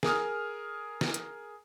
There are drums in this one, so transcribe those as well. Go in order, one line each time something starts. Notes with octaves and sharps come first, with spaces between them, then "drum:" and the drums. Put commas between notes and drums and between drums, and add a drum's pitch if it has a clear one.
G#4 A#4 D#6 F6, drum: snare
drum: snare
drum: hi-hat